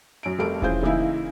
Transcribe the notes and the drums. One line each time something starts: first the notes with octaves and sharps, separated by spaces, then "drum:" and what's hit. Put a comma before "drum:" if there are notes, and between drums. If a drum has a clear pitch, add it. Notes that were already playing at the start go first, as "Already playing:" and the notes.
F#2 D7
F1 G3 A4 A#4 D7
E3 C#4 F4 G#4 C5 G6, drum: kick E1
C#3 E3 A#3 D#4 E4